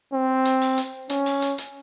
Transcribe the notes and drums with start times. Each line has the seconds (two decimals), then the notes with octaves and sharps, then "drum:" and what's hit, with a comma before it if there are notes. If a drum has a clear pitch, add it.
0.13 C4
0.45 drum: hi-hat
0.61 drum: open hi-hat
0.78 drum: hi-hat
1.10 C#4, drum: hi-hat
1.26 drum: open hi-hat
1.42 drum: hi-hat
1.58 drum: hi-hat